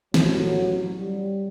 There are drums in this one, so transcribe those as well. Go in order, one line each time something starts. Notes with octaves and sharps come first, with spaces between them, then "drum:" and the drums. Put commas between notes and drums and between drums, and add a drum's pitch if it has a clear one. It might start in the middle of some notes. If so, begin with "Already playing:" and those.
A1 F#3, drum: snare
G3